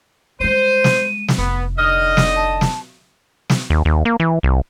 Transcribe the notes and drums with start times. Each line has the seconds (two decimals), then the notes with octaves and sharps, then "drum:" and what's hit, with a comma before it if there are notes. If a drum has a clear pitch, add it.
0.40 G3 G#3 C5 D#7
0.84 drum: snare
1.28 drum: snare
1.38 F1 B3
1.78 D3 D#4 D#5 F6
2.17 drum: snare
2.36 A5
2.61 drum: snare
3.50 drum: snare
3.70 D#2
3.85 D#2
4.05 A#3
4.20 E3
4.43 C2